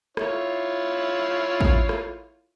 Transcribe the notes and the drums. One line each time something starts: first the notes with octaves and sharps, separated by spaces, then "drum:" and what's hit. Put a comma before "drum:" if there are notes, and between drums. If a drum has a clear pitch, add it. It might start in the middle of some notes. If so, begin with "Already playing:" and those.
E4 F4 C#5, drum: rim click
drum: kick A1
drum: rim click